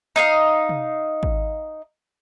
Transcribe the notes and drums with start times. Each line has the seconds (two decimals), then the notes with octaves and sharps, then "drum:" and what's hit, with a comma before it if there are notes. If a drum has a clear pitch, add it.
0.16 D#4 D#5 F5
0.69 drum: tom
1.23 drum: kick G#1